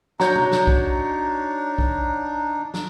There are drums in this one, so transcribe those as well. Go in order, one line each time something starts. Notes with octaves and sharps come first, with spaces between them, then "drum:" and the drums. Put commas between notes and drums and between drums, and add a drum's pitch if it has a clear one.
D4 D#4 F#4 C#5 A#5 G6, drum: snare
drum: tom B2
drum: snare
drum: kick B1
drum: kick B1
drum: snare